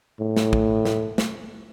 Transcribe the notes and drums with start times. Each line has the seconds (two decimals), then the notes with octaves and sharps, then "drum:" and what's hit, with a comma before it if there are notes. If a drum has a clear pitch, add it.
0.20 A2
0.37 drum: snare
0.53 drum: kick
0.85 drum: snare
1.18 drum: snare